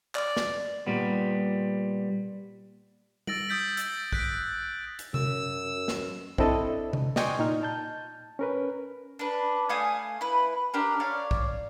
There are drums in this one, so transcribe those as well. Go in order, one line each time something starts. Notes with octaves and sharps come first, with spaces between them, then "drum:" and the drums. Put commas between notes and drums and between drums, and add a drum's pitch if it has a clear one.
D5, drum: clap
drum: snare
A#2 G3 B3
E6 A6 A#6 D7 F#7, drum: tom G3
D#6 E6 G6 A6 B6 D7
E6 A6, drum: hi-hat
F#6 A6 B6 D7, drum: kick B1
drum: hi-hat
F#2 E6, drum: tom C3
drum: snare
C4 D4 E4 A4 D#5, drum: kick B1
drum: tom C3
D5 D#5 G5 G#5 C6 C#6, drum: snare
A#2 D#4 F6
A5 G6
C#4 A#4 B4
D4 B4
A3 F5 G#5 D#6
E4 B4
D4 G4 A#4
C#5 D5 F5
drum: kick B1